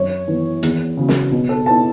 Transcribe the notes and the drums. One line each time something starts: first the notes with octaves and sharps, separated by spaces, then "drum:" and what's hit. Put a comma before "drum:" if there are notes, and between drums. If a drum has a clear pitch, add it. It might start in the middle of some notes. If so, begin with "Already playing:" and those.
Already playing: F#2 C#5
E3 B3
E2, drum: hi-hat
C#3 F#3
drum: snare
B2
A4
B3 E4 A5